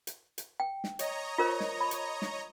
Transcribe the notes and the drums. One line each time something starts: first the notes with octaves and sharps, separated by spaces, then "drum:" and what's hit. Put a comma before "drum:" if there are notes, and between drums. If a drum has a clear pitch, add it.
drum: hi-hat
drum: hi-hat
G5
drum: snare
C#5 D#5 A#5, drum: hi-hat
F4 A#4 C5
drum: snare
B5
drum: hi-hat
drum: snare